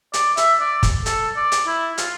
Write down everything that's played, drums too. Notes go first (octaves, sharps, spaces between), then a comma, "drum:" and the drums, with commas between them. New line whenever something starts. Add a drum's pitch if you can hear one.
D5, drum: hi-hat
E5, drum: hi-hat
D5
drum: kick, hi-hat
A4, drum: hi-hat
D5
drum: hi-hat
E4
F4, drum: hi-hat